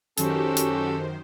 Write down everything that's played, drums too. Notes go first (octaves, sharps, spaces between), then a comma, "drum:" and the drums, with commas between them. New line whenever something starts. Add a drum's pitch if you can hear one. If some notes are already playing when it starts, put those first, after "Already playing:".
F#2 D#3 C#4 F#4 G4 A4 C5, drum: hi-hat
drum: hi-hat